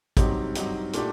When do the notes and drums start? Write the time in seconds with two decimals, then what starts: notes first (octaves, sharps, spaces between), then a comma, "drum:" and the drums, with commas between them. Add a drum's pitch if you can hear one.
0.17 G2 F#3 C4 D#4 G4, drum: kick A1, hi-hat
0.55 G2 F#3 C4 D#4 G4, drum: hi-hat
0.93 A#2 A3 D4 G4, drum: hi-hat